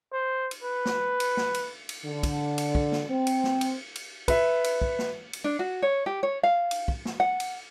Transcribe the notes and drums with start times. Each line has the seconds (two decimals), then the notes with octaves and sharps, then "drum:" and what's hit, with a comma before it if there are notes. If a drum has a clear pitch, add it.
0.12 C5
0.51 drum: cymbal
0.62 B4
0.86 drum: snare
1.20 drum: cymbal
1.37 drum: snare
1.54 drum: cymbal
1.89 drum: cymbal
2.05 D3
2.23 drum: kick, cymbal
2.58 drum: cymbal
2.75 drum: kick
2.92 drum: snare
3.09 C4
3.27 drum: cymbal
3.44 drum: snare
3.61 drum: cymbal
3.95 drum: cymbal
4.28 B4 E5, drum: kick, cymbal
4.64 drum: cymbal
4.82 drum: kick
4.99 drum: snare
5.33 drum: cymbal
5.44 D4
5.59 F#4
5.82 C#5
6.06 G4
6.23 C#5
6.43 F5
6.71 drum: cymbal
6.88 drum: kick
7.05 drum: snare
7.20 F#5
7.40 drum: cymbal